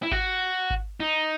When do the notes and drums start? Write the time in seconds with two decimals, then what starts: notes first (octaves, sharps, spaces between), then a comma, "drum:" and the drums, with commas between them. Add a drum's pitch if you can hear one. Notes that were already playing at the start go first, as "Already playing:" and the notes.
0.03 E4
0.11 F#4, drum: kick G#1
0.70 drum: kick G#1
1.00 D#4